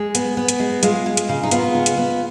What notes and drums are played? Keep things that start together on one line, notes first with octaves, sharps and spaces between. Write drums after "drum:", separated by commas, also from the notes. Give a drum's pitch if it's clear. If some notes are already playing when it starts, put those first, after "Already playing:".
Already playing: G#3 G#4
B3, drum: hi-hat
B3
drum: hi-hat
G#3
G#3 F4, drum: hi-hat
G#3
drum: hi-hat
C#3
D#4
B3 F4, drum: hi-hat
G#3
drum: hi-hat
B3